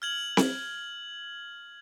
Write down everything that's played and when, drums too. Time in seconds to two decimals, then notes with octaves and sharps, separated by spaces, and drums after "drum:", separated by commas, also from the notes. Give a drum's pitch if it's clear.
0.02 F6 G#6 F#7
0.37 drum: snare C4